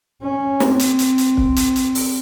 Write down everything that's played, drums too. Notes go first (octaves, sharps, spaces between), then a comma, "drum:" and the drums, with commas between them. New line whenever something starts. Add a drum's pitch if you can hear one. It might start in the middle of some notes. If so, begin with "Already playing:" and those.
C#4
C4, drum: snare
drum: hi-hat
drum: hi-hat
drum: hi-hat
drum: kick
drum: hi-hat
drum: hi-hat
drum: open hi-hat